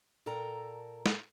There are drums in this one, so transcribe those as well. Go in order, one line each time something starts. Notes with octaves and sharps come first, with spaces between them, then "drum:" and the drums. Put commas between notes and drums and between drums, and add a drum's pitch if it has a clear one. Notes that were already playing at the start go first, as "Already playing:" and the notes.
A#2 A4 A#4 G5 A#5
drum: snare